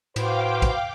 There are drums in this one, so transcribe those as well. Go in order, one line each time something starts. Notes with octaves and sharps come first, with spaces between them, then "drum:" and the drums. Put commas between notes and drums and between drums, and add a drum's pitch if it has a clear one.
A2 F#4 B4 C5 F5 G5 D6, drum: cymbal
drum: kick, cymbal